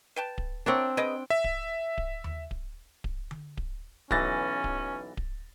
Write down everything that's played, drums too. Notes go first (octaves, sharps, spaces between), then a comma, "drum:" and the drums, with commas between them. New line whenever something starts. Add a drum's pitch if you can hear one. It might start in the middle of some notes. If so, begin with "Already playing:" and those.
B4 G5 A5
drum: kick D1
C4 D4 E4 A#4 C#5
G#4 B4 D#5 G5
E5
drum: kick D1
drum: kick D1
drum: tom D#2
drum: kick D1
drum: kick D1
drum: tom D3
drum: kick D1
B1 E3 C#4 A6 A#6, drum: kick D1
drum: kick D1
drum: kick D1